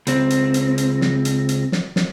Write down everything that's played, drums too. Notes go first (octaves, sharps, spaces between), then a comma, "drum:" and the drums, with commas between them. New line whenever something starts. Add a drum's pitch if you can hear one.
C#2 C4, drum: hi-hat
drum: hi-hat
drum: hi-hat
drum: hi-hat
drum: snare
drum: hi-hat
drum: hi-hat
drum: snare
drum: snare